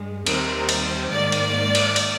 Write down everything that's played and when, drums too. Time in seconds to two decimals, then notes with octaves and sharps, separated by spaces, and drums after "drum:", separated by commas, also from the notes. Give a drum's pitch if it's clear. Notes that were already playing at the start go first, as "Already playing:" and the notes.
Already playing: G2 G#3
0.26 D#2 D#3 G3 C4 A#4, drum: cymbal
0.55 A#4
0.69 drum: cymbal
0.83 C5
1.11 G#2 D#3 A#3 D5
1.32 drum: cymbal
1.75 drum: cymbal
1.96 drum: cymbal